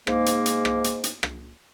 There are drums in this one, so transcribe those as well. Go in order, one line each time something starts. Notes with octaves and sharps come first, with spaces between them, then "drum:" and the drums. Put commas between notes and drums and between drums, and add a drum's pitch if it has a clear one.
G#2 A#3, drum: rim click
drum: hi-hat
drum: hi-hat
drum: rim click
drum: hi-hat
drum: hi-hat
drum: rim click